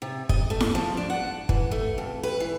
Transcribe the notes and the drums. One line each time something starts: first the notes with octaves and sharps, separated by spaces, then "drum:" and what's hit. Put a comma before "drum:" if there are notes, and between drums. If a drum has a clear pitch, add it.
C3
D#5, drum: kick
A3
drum: snare E4
F3
D4
F#5
E3, drum: kick
A3
F2
B4
E3